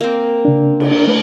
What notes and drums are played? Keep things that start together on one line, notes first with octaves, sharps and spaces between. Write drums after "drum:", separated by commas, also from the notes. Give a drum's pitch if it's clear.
A#3 C4
C#3 D4
drum: cymbal
D4 A#4
A3 B4